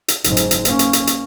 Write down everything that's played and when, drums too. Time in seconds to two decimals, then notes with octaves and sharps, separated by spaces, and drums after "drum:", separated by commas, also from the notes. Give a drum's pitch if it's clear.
0.08 drum: hi-hat
0.24 F#1 G#2, drum: hi-hat
0.37 drum: hi-hat
0.51 drum: hi-hat
0.65 A#3 C#4, drum: hi-hat
0.79 drum: hi-hat
0.93 drum: hi-hat
1.07 drum: hi-hat